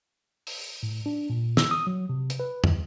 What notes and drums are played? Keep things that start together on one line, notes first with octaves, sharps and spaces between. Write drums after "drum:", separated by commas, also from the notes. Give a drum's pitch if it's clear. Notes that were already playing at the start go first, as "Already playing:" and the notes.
drum: open hi-hat
A2
D4
A#2
E6, drum: snare
D#6
F#3
C3
drum: hi-hat
B4
D#2, drum: tom